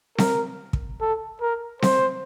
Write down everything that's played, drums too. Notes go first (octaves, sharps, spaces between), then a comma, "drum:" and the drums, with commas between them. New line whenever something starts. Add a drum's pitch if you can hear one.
A#4, drum: snare C4
drum: kick
A4
A#4
C5, drum: snare C4